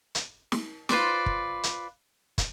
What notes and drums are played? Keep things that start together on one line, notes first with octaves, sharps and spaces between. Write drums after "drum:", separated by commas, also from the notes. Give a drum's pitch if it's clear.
drum: hi-hat
drum: snare
F4 B4 C5 D5, drum: snare
drum: kick
drum: hi-hat
drum: kick, hi-hat